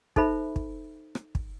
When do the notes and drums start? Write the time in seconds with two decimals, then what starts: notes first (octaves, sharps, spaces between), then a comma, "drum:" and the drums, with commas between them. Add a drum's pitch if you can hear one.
0.16 D#4 A4 C5 E5 B5, drum: kick
0.56 drum: kick
1.15 drum: rim click
1.35 drum: kick